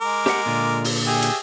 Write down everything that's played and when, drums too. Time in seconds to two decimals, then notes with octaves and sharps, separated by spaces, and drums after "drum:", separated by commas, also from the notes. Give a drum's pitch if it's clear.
0.01 G#3 A#4 D6
0.26 G4 F#5, drum: snare
0.46 A#2 D3 F4
0.84 drum: open hi-hat
1.06 G4 G#4 E5
1.22 drum: hi-hat